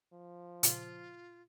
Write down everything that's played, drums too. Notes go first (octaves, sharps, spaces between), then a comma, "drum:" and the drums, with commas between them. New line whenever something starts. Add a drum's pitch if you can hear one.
F3
A#2 C#3 F4, drum: hi-hat